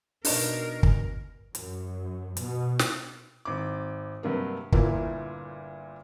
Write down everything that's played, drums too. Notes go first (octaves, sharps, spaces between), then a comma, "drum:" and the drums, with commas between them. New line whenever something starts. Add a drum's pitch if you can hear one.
B2 D4 D#4 A#4 D5, drum: open hi-hat
drum: kick
F#2, drum: hi-hat
B2, drum: hi-hat
drum: snare
G#1 D6
G2 C3 F#3 A#3
G1 A#2 E4 A#4, drum: kick